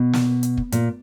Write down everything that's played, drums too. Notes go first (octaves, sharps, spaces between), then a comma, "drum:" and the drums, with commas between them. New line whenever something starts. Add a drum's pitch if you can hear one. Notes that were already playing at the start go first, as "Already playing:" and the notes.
Already playing: B2
drum: snare
drum: hi-hat
drum: kick
A#2, drum: hi-hat